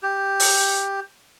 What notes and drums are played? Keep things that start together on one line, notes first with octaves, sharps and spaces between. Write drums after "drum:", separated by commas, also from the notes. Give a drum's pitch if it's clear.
G4
drum: open hi-hat